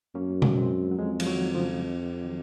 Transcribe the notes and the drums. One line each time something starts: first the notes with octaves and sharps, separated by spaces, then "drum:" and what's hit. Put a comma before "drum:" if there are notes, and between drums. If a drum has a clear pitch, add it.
F#2 A#3 C#4
drum: tom B2
G#3 C4
F#3
F2 F3 G#3
F3, drum: cymbal
D#3 F#3
C#3 F3
D#3 F#3